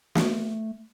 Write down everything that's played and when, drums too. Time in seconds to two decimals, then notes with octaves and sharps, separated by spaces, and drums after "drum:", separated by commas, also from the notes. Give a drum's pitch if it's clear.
0.15 A3, drum: snare